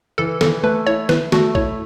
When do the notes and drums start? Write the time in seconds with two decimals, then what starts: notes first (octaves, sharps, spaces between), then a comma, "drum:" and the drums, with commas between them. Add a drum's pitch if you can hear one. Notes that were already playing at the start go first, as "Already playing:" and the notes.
0.18 E3 A4
0.41 E3 A4, drum: snare
0.63 A3 B4
0.87 E4 C#5
1.09 E4 B4, drum: snare
1.32 A3 F#4, drum: snare
1.55 E4 C#5, drum: kick A#1